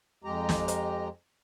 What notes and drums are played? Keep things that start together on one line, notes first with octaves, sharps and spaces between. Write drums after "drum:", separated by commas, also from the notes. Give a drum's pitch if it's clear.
F2 G#3 G4 A#5
drum: snare
drum: hi-hat